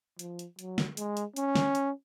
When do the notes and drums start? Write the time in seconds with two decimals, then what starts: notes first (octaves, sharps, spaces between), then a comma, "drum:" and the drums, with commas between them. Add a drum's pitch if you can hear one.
0.19 F3, drum: hi-hat
0.39 drum: hi-hat
0.59 F#3, drum: hi-hat
0.78 drum: snare
0.97 G#3, drum: hi-hat
1.17 drum: hi-hat
1.36 C#4, drum: hi-hat
1.55 drum: snare
1.75 drum: hi-hat